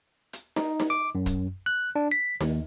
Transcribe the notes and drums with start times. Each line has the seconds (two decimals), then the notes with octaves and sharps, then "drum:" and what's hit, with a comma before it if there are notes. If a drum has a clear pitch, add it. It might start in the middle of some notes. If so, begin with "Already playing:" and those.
0.33 drum: hi-hat
0.56 D#4, drum: snare D#4
0.80 drum: snare D#4
0.90 D6
1.15 F#2
1.26 drum: kick, hi-hat
1.66 F#6
1.96 D4
2.12 B6
2.41 D#2, drum: snare D#4